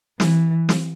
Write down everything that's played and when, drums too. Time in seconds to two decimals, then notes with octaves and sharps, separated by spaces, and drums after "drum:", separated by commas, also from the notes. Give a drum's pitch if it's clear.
0.20 E3, drum: snare
0.69 drum: snare